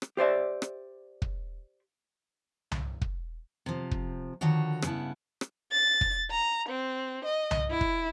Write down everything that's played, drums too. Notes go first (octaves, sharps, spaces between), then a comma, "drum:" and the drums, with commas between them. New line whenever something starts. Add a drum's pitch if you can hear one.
drum: rim click
G4 C5 D5 E5
drum: rim click
drum: kick
drum: tom C2
drum: kick
C3 F3
drum: kick
D3 D#3 F3 F#4 C#5
G2 C#3 B3 E4 A5, drum: rim click
drum: rim click
A6
drum: kick
A#5
C4
D#5
drum: tom C2
E4
drum: kick